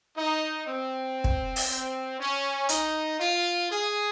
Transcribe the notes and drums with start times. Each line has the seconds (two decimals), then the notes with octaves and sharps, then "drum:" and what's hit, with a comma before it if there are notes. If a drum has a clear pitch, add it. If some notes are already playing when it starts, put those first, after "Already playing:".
0.16 D#4
0.67 C4
1.24 drum: kick
1.56 drum: open hi-hat
1.68 C4
2.19 C#4
2.69 D#4, drum: hi-hat
3.20 F4
3.70 G#4